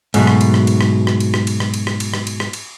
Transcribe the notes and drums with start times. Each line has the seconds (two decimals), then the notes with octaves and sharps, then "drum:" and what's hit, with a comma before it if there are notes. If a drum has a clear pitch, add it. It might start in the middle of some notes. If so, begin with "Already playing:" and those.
0.14 G#2 B2 F#3 A3, drum: cymbal
0.27 drum: rim click
0.41 drum: cymbal
0.54 drum: rim click
0.67 drum: cymbal
0.81 drum: rim click
1.07 drum: rim click
1.20 drum: cymbal
1.34 drum: rim click
1.47 drum: cymbal
1.60 drum: rim click
1.74 drum: cymbal
1.87 drum: rim click
2.00 drum: cymbal
2.14 drum: rim click
2.27 drum: cymbal
2.40 drum: rim click
2.53 drum: cymbal